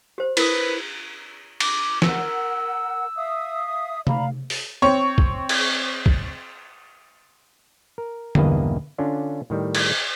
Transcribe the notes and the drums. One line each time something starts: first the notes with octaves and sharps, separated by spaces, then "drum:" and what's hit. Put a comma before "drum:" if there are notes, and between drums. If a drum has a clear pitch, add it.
G4 C5
E4 A#4 B4 D#6, drum: cymbal
D6, drum: cymbal
A#4 F#5 E6, drum: snare
E5 F5 D#6
D5 F5 A#5 B5, drum: tom C3
drum: open hi-hat
C4 C#5 C#6
drum: kick
drum: cymbal
drum: kick
A#4
B1 E2 G2 A#3 B4 D#5, drum: tom D3
D3 C#4 D4 F4
A2 D#3 G3
drum: cymbal